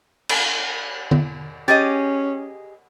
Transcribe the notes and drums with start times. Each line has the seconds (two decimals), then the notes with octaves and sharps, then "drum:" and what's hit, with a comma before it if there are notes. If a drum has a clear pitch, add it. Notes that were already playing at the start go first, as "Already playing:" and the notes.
0.29 drum: cymbal
1.11 drum: tom D3
1.68 C#4 G4 G#4 D#5 A6